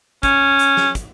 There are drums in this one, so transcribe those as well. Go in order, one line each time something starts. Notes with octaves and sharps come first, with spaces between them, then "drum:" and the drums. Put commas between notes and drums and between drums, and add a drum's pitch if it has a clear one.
C#4, drum: kick, hi-hat
drum: hi-hat
drum: snare
drum: kick, hi-hat